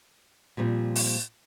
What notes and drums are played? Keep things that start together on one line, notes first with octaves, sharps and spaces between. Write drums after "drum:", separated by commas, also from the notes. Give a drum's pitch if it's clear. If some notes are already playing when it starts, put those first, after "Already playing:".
A#2 F3 G3 C4
drum: open hi-hat